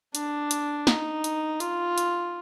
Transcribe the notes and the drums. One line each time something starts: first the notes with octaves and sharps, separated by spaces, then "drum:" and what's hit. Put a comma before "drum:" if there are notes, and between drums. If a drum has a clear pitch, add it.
D4, drum: hi-hat
drum: hi-hat
D#4, drum: snare
drum: hi-hat
F4, drum: hi-hat
drum: hi-hat